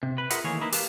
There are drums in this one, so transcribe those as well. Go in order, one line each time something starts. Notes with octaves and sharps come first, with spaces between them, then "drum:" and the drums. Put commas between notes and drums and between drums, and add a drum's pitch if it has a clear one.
C3
B4
F4 G#4 A#4 B4 E5 F#5, drum: hi-hat
D#2 E3 A3 A#3 G#4 C#5
A#3 D#4 E4 A#4 B4
G4 A#4 B4 F5 A5, drum: open hi-hat